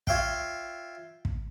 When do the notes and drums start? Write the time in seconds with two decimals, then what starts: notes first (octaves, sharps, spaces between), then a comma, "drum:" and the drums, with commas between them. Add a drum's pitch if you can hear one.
0.07 F4 C#5 E5 F5 G5, drum: kick
1.25 drum: kick